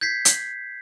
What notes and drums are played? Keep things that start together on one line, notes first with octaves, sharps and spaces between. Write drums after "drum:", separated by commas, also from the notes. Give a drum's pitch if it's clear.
G6 G#6 B6 C7
drum: hi-hat